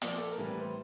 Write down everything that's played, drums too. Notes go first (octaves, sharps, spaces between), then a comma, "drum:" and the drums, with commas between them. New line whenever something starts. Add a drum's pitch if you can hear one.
A#2 F3 D5, drum: hi-hat
A4
A#4
A2 E3 G3
B4
C5